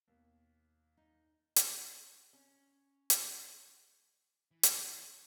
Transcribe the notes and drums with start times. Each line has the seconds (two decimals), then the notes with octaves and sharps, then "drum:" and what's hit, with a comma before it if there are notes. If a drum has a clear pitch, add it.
0.08 D#2 B2
0.97 D#4
1.56 drum: hi-hat
2.33 C#4
3.10 drum: hi-hat
4.51 E3
4.63 drum: hi-hat